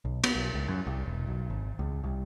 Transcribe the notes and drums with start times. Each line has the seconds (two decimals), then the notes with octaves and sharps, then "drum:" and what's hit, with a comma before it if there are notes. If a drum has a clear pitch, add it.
0.05 B1
0.24 B3, drum: cymbal
0.35 B1
0.54 C#2
0.68 F#2
0.87 C2
1.06 E1
1.27 B1
1.50 G#1
1.79 C#2
2.04 C2